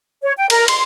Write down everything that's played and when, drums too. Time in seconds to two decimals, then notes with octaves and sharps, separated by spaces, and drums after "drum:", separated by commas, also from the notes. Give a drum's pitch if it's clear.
0.23 C#5
0.38 G5
0.50 A#4, drum: cymbal
0.68 C6, drum: cymbal